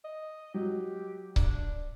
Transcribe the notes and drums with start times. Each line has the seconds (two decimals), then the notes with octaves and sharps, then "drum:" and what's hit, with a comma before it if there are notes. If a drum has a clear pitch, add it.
0.05 D#5
0.54 F#3 G4
1.36 D4, drum: kick C#1